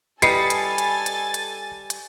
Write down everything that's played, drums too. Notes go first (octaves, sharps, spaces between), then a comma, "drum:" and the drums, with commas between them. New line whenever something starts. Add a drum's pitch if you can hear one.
G3 A4 B4 D#5 G#5 A6 C7 C#7, drum: hi-hat
drum: hi-hat
drum: hi-hat
drum: hi-hat
drum: hi-hat
drum: hi-hat